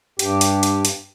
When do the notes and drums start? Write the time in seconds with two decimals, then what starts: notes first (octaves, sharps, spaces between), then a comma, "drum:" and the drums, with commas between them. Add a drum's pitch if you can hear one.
0.19 G2 G4, drum: hi-hat
0.41 drum: hi-hat
0.63 drum: hi-hat
0.85 drum: hi-hat